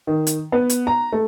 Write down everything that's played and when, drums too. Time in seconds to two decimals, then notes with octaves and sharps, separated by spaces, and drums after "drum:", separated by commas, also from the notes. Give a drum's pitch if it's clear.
0.07 D#3
0.27 drum: hi-hat
0.52 B3
0.70 drum: hi-hat
0.87 A#5
1.12 A3